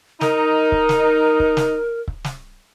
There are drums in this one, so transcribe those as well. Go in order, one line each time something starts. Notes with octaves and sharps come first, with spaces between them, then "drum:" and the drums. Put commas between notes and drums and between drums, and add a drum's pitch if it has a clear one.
D#4 A#4, drum: snare
drum: kick C#1
drum: snare
drum: kick C#1
drum: snare
drum: kick C#1
drum: snare